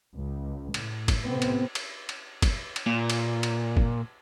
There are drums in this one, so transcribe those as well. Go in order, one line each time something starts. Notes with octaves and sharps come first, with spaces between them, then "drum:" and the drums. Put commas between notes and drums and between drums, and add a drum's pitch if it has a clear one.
C#2
A2, drum: cymbal
drum: kick G1, cymbal
A2 C3 B3 C4
drum: cymbal
drum: cymbal
drum: cymbal
drum: kick G1, cymbal
drum: cymbal
A#2
drum: cymbal
drum: cymbal
drum: kick G1